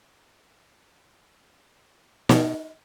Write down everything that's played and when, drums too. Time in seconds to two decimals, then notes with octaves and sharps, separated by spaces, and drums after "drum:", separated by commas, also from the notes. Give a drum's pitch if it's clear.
2.29 B2, drum: snare